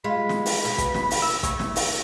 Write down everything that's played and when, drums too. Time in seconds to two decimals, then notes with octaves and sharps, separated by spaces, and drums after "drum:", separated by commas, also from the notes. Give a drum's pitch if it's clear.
0.04 G#3 F4 B5
0.29 drum: snare
0.46 drum: open hi-hat
0.65 B2
0.78 drum: kick, hi-hat
0.94 drum: snare
1.11 drum: open hi-hat
1.22 E6
1.43 A3 C#5, drum: kick, hi-hat
1.59 drum: snare
1.76 drum: open hi-hat